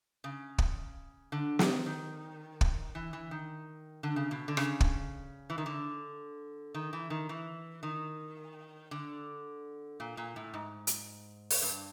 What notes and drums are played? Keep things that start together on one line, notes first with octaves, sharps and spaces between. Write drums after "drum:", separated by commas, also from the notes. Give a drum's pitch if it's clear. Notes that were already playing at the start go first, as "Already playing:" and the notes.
C#3
drum: kick
D3
D#3, drum: snare
D#3
drum: kick
E3
E3
D#3
D3
C#3
B2
D3
C#3, drum: rim click
drum: kick
E3
D#3
D3
D#3
E3
D#3
E3
D#3
D3
A#2
A#2
A2
G#2
drum: hi-hat
drum: open hi-hat
G2